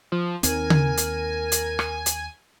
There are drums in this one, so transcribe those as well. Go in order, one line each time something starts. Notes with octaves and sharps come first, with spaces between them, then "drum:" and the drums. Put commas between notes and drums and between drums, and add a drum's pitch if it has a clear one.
F3
D#2 D#3 C4 A#4 G#5, drum: hi-hat
drum: tom C#3
drum: hi-hat
drum: hi-hat
drum: rim click
drum: hi-hat